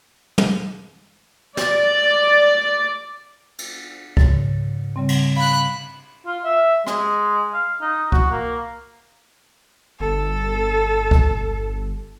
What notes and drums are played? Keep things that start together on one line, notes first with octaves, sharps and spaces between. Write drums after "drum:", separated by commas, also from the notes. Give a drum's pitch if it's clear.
drum: tom
D5, drum: snare
drum: cymbal
G#2 C#3 A6, drum: kick C2
C#3 G3 C4
drum: cymbal
F5 B5 F#6
F4
E5
G#3, drum: rim click
F5
D#4
F#4, drum: kick C2
A#3
G1 A4
drum: kick C2